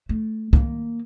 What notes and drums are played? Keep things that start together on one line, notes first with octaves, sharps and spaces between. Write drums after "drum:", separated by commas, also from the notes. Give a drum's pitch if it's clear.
A3
A#3, drum: kick C2